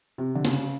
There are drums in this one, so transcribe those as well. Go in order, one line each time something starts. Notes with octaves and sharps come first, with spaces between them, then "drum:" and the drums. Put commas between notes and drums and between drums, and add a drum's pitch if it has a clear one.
C3
D3
C#3, drum: snare